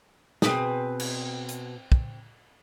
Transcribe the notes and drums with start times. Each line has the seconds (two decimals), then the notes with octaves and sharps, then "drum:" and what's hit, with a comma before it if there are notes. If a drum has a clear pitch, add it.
0.42 B2 C4 G#4 B4 D#6, drum: snare
1.00 drum: cymbal
1.49 drum: hi-hat
1.92 drum: kick